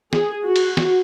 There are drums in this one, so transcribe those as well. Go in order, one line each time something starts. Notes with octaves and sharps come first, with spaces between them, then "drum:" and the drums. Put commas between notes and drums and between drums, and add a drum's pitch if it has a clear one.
G#4, drum: snare
F#4
drum: cymbal
drum: snare